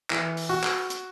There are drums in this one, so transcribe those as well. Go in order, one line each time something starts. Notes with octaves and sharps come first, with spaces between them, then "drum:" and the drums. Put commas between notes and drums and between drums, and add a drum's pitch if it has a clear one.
E3, drum: clap
drum: open hi-hat
F#4
drum: clap
drum: hi-hat